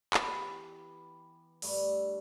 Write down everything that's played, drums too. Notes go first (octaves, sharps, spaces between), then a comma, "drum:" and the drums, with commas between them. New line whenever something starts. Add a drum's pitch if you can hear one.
E3 B3 G4, drum: clap
G2 D3 A3, drum: open hi-hat